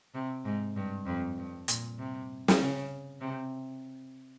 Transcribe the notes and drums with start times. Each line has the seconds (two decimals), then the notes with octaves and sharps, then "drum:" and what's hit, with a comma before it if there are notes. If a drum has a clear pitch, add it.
0.15 C3
0.45 G#2
0.76 G2
1.06 F2
1.37 G2
1.68 A#2, drum: hi-hat
1.98 C3
2.48 drum: snare
2.60 C#3
3.21 C3